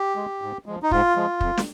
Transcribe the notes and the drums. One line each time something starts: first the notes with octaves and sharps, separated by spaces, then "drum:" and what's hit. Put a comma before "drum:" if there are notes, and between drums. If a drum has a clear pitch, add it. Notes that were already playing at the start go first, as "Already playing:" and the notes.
Already playing: G4
G#3
G#2
F3 G#3
D#4
G#2 F4, drum: kick
F3 G#3
F2, drum: kick
drum: snare